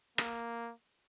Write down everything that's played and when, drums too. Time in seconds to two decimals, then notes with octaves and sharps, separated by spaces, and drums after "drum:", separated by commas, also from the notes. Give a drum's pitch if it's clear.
0.18 A#3, drum: rim click